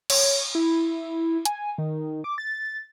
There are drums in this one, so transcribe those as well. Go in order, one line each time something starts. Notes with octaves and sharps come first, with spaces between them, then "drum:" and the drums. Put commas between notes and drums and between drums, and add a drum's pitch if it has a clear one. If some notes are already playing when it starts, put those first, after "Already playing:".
C#5, drum: cymbal
E4
G#5, drum: hi-hat
D#3
D6
A6